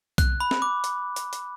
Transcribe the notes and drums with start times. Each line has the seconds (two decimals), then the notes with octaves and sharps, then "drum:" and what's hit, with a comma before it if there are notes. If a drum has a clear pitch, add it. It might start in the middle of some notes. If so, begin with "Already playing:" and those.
0.18 F#6, drum: kick B1, hi-hat
0.40 B5
0.51 drum: snare C4
0.62 D6
0.84 drum: hi-hat
1.16 drum: hi-hat
1.33 drum: hi-hat